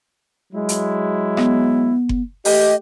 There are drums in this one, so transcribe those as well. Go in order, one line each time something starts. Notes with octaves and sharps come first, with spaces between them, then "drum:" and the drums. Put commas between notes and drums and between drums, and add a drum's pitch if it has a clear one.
F#3 G#3 E4
drum: hi-hat
B3, drum: rim click
drum: kick F#1
A3 G4 D#5, drum: open hi-hat